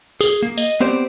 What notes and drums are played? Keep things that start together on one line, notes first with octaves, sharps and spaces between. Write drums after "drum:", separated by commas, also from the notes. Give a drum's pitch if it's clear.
G#4, drum: tambourine
A#3
D#5, drum: tambourine
B3 C4 G4 C5 D5